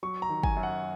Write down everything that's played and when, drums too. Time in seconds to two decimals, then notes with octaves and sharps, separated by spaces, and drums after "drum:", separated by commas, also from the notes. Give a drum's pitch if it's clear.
0.03 F#3 C#6
0.22 A#5
0.29 D#3
0.43 G#5, drum: kick
0.57 F#2
0.63 F#5